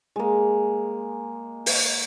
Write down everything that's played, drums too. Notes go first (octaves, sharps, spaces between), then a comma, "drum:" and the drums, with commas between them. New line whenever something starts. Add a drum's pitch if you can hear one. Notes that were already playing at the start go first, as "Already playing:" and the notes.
G#3 A#3
drum: open hi-hat